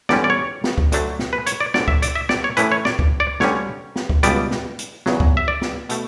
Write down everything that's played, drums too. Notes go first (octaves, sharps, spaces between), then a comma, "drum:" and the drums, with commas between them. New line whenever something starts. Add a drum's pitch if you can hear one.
E2 D3 G3 C#4 D5, drum: snare
D5
C#5
drum: snare
drum: kick C#2
D2 D3 F#3 A3 D4, drum: hi-hat
drum: snare
B4
C#5, drum: hi-hat
D5
D2 D3 F#3 D5, drum: snare
E5, drum: kick C#2
D5, drum: hi-hat
E5
D5, drum: snare
C#5
A2 E3 A3 C#4 E4 B4, drum: hi-hat
C#5
D5, drum: snare
drum: kick C#2
D5
D2 D3 G3 C#4 C#5, drum: snare
drum: snare
drum: kick C#2
C#2 B2 G3 B3 D5, drum: hi-hat
drum: snare
drum: hi-hat
E2 C#3 F#3, drum: snare
drum: kick C#2
E5
D5
drum: snare
B2 A3, drum: hi-hat